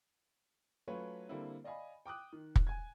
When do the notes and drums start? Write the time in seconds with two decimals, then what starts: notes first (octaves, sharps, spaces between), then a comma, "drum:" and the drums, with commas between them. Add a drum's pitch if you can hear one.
0.88 F#3 A3 C#4 F4 B4 C#5
1.29 D3 G3 A#3 C4 E4
1.64 D5 D#5 F5 G#5 B5
2.06 G5 D6 D#6 F#6
2.33 D#3
2.56 drum: kick
2.67 G#5 G#6